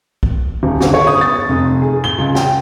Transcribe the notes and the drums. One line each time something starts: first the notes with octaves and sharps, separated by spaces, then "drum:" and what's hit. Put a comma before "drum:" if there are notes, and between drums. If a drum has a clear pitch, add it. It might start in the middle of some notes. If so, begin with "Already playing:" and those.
drum: kick
D#1
G1, drum: snare
C#5
D#6
A6
F1
G#4
G7
C#2
G5, drum: snare